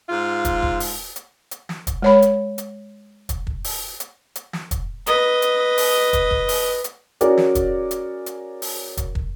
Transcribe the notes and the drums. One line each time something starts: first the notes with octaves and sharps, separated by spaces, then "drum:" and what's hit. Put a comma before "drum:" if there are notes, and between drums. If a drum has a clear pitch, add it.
G#2 F4
drum: kick, hi-hat
drum: kick
drum: open hi-hat
drum: hi-hat
drum: hi-hat
drum: snare
drum: kick, hi-hat
G#3 C#5 B5
drum: hi-hat
drum: hi-hat
drum: kick, hi-hat
drum: kick
drum: open hi-hat
drum: hi-hat
drum: hi-hat
drum: snare
drum: kick, hi-hat
B4 D#5, drum: hi-hat
drum: hi-hat
drum: open hi-hat
drum: kick, hi-hat
drum: kick
drum: open hi-hat
drum: hi-hat
C#4 F#4 G#4 A#4 D5, drum: hi-hat
drum: snare
drum: kick, hi-hat
drum: hi-hat
drum: hi-hat
drum: open hi-hat
drum: kick, hi-hat
drum: kick